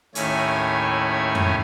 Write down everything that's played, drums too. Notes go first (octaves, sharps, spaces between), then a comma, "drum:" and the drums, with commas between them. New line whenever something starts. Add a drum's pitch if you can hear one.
D#2 A2 C#4 E4 G#5, drum: hi-hat
drum: tom F2